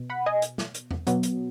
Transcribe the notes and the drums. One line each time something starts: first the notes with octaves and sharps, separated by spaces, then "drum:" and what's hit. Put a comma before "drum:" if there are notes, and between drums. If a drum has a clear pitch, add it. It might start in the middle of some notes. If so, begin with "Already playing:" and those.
Already playing: B2
F#5 B5
D#5 G#5
drum: hi-hat
drum: snare
drum: hi-hat
drum: tom E2
B2 F#3 B3, drum: hi-hat
drum: hi-hat